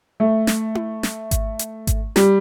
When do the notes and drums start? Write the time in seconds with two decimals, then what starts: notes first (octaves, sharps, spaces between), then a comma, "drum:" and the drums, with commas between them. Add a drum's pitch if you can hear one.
0.20 A3
0.47 drum: snare
0.75 drum: tom E4
1.03 drum: snare
1.31 drum: kick G#1, hi-hat
1.59 drum: hi-hat
1.87 drum: kick G#1, hi-hat
2.16 G3, drum: snare